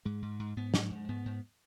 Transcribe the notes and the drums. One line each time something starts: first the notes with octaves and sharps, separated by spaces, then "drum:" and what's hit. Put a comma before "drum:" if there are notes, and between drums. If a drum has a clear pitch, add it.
G#2 G#3
G#2
G#2
G#2 B3
G#2, drum: snare
G#2
G#2 B3
G#2